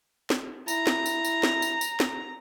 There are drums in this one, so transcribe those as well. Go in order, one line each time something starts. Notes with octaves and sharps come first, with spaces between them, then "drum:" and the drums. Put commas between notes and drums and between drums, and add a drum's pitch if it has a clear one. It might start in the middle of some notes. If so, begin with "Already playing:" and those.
drum: snare
E4 A#5, drum: tambourine
drum: snare
drum: tambourine
drum: tambourine
drum: snare
drum: tambourine
drum: tambourine
drum: snare